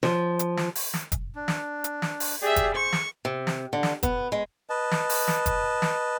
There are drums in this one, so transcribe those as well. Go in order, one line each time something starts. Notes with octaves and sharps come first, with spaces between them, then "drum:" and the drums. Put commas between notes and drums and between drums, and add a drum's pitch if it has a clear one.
F3, drum: snare
drum: hi-hat
drum: snare
drum: open hi-hat
drum: snare
drum: kick, hi-hat
D4
drum: snare
drum: hi-hat
drum: snare
drum: open hi-hat
G4 G#4 D5 E5
drum: kick, hi-hat
C5 C#6
drum: snare
C3
drum: snare
D3
drum: snare
B3, drum: kick, hi-hat
G#3
B4 D#5 A5
drum: snare
drum: open hi-hat
drum: snare
drum: kick, hi-hat
drum: snare